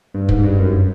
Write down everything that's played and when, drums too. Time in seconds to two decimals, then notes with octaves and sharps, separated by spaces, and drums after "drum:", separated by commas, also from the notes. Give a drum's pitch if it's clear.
0.14 G2
0.29 G#2, drum: kick
0.43 G2
0.59 F#2